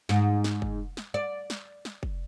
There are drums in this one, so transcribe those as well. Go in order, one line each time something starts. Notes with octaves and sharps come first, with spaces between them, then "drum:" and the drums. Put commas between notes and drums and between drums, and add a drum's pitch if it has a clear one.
G#2, drum: snare
drum: snare
drum: kick
drum: snare
D5
drum: snare
drum: snare
drum: kick